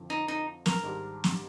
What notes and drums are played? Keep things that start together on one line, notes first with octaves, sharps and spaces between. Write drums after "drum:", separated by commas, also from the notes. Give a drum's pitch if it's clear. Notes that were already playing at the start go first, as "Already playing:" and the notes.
Already playing: F2 D3 F3
D#4
D#4
A#4, drum: snare
G#2 D#3 G3 D4 G4
drum: snare